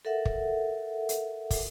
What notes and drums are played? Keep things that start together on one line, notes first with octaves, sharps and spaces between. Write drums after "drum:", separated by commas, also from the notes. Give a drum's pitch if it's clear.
A4 A#4 E5 F#5
drum: kick
drum: hi-hat
drum: kick, open hi-hat